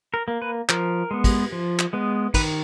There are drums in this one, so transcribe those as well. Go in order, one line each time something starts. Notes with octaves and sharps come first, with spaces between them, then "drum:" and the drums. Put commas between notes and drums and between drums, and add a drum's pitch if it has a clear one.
A#4
A#3
B4
F3 A#4, drum: clap
G#3 B3
drum: kick, cymbal
F3
drum: clap
G#3 B3
D#3 B4, drum: kick, cymbal